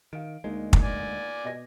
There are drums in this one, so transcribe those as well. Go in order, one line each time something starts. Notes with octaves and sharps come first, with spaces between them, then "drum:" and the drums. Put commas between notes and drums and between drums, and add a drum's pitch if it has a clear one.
D#3 F5 D7
D2 G#3 A#3 D#4
drum: kick
D5 G#5
B2 D#5 A#6